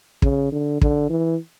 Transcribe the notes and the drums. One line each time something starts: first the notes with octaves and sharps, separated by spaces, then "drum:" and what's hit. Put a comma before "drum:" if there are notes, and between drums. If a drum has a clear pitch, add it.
C#3, drum: kick
D3
D3, drum: kick
E3